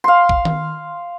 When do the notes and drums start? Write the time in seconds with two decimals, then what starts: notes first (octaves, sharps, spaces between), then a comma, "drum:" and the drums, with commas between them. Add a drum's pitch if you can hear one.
0.04 F5 C6
0.29 drum: kick
0.45 drum: tom D#3